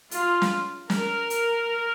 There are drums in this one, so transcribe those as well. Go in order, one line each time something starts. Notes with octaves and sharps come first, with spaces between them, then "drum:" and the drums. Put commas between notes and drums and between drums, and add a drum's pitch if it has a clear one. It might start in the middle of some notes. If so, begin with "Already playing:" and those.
F4, drum: hi-hat
drum: snare
A#4, drum: snare
drum: hi-hat